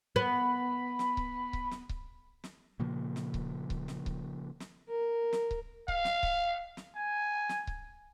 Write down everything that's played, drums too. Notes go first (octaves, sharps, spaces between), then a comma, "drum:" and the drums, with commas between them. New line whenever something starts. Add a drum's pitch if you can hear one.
B3 B5
drum: snare
drum: kick C#1
drum: kick C#1
drum: snare
drum: kick C#1
drum: snare
A#2 C#3 F3 A#3
drum: snare
drum: kick C#1
drum: kick C#1
drum: snare
drum: kick C#1
drum: snare
A#4
drum: snare
drum: kick C#1
F5, drum: kick C#1
drum: snare
drum: kick C#1
drum: snare
G#5
drum: snare
drum: kick C#1